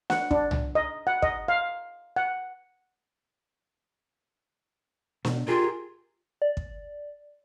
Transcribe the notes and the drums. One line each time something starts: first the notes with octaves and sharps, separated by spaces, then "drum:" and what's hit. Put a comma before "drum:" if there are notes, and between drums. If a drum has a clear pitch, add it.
F#5, drum: snare
D4, drum: kick
drum: tom C2
D#5
F#5
D#5, drum: kick
F5
F#5
B2, drum: snare
F4 G4 G#4 A#4
D5
drum: kick